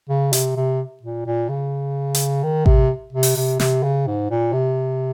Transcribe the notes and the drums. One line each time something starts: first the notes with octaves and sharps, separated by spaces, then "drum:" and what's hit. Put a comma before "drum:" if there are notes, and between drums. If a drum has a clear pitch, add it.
C#3
C3, drum: hi-hat
C3
A#2
A#2
C#3
drum: hi-hat
D#3
C3, drum: kick A1
C3
drum: open hi-hat
C3
C3, drum: snare
C#3
G#2
A#2
C3